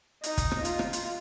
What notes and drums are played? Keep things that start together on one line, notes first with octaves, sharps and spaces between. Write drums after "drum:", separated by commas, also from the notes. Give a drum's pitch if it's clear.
D#4, drum: hi-hat
drum: kick, hi-hat
drum: rim click
F4, drum: hi-hat
drum: rim click
drum: hi-hat